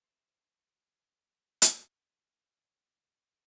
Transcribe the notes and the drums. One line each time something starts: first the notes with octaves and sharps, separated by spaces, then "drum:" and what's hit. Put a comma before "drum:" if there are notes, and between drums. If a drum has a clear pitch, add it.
C5 E5
drum: hi-hat
C#4
D#5